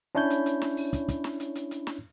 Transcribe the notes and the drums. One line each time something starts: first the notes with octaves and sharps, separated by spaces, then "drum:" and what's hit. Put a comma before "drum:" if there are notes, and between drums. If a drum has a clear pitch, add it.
C#4 D4 E4 C#5 B5 G6
drum: hi-hat
drum: hi-hat
drum: snare
drum: open hi-hat
drum: kick, hi-hat
drum: kick, hi-hat
drum: snare
drum: hi-hat
drum: hi-hat
drum: hi-hat
drum: snare